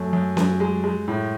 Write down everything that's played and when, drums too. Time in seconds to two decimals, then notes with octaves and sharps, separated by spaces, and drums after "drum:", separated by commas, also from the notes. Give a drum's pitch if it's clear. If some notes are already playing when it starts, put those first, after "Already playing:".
Already playing: F#2 A3
0.13 F#2
0.37 F#2, drum: snare C#4
0.60 G#3
0.84 G#3
1.08 A2